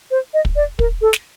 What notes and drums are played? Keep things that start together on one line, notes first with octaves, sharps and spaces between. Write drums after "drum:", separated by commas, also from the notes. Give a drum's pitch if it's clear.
C5
D#5
drum: kick
D5
A#4, drum: kick
A4
drum: snare